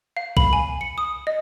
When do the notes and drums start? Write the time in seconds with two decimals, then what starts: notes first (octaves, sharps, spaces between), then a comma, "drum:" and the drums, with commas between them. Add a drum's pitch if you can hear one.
0.17 F5
0.37 B5, drum: kick B1
0.53 G#5
0.81 C#7
0.98 D#6
1.27 D#5